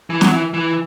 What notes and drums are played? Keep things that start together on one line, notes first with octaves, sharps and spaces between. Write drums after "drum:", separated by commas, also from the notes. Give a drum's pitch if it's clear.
E3
F#3, drum: snare
E3
E3